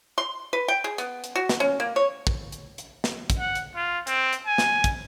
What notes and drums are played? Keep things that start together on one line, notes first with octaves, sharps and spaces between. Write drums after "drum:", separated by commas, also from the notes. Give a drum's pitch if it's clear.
C6
B4
G5
G#4
B3, drum: hi-hat
drum: hi-hat
F#4
drum: snare
C#4
A#3
C#5
drum: kick
drum: hi-hat
drum: hi-hat
drum: snare
drum: kick, hi-hat
F#5
drum: hi-hat
F4
C4, drum: hi-hat
drum: hi-hat
G#5
drum: snare
drum: kick, hi-hat